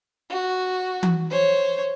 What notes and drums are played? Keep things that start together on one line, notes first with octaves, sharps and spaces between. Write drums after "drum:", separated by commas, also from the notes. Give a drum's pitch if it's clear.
F#4
drum: tom E3
C5 C#5